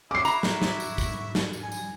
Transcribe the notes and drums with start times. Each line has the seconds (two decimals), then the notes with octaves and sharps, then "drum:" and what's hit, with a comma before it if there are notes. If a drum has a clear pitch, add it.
0.11 E4 F#4 E5 D6 C7
0.25 A#5, drum: tambourine
0.43 drum: snare
0.62 drum: snare
0.80 drum: tambourine
0.98 drum: kick, tambourine
1.35 drum: snare
1.53 drum: tambourine
1.63 G#5
1.72 drum: tambourine